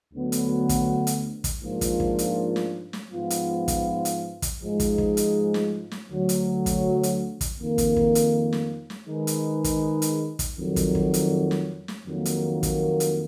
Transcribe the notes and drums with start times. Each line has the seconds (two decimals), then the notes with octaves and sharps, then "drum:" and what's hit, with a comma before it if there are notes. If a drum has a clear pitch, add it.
0.13 D2 D3 F#3 B3
0.32 drum: hi-hat
0.69 drum: kick, hi-hat
1.07 drum: hi-hat
1.44 drum: kick, hi-hat
1.62 G#2 F3 A#3 D4 F4
1.81 drum: kick, hi-hat
2.00 drum: kick
2.19 drum: hi-hat
2.56 drum: snare
2.93 drum: snare
3.12 G#2 F3 B3 F4
3.30 drum: hi-hat
3.68 drum: kick, hi-hat
4.05 drum: hi-hat
4.42 drum: kick, hi-hat
4.61 G#2 F3 G#3 D#4
4.80 drum: kick, hi-hat
4.98 drum: kick
5.17 drum: hi-hat
5.54 drum: snare
5.91 drum: snare
6.11 D2 D3 F#3
6.29 drum: hi-hat
6.66 drum: kick, hi-hat
7.03 drum: hi-hat
7.41 drum: kick, hi-hat
7.59 F2 D#3 A#3
7.78 drum: kick, hi-hat
7.97 drum: kick
8.15 drum: hi-hat
8.53 drum: snare
8.90 drum: snare
9.08 D#3 G#3 D#4 G#4 B4
9.27 drum: hi-hat
9.64 drum: kick, hi-hat
10.02 drum: hi-hat
10.39 drum: kick, hi-hat
10.58 F2 D#3 F#3
10.76 drum: kick, hi-hat
10.95 drum: kick
11.14 drum: hi-hat
11.51 drum: snare
11.88 drum: snare
12.07 F2 D#3 F#3 A#3
12.25 drum: hi-hat
12.63 drum: kick, hi-hat
13.00 drum: hi-hat